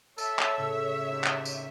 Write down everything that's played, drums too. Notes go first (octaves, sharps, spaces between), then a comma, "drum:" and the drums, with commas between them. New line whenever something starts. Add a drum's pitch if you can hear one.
A4 C#5 E5 E6, drum: tambourine
drum: clap
A2 C#3
D#2 C3 G4
drum: clap
drum: tambourine